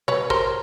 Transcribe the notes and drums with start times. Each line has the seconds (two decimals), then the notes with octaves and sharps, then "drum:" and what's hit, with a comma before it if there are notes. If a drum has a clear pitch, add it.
0.08 B4 C#5, drum: tom B2
0.30 A#4 C5, drum: kick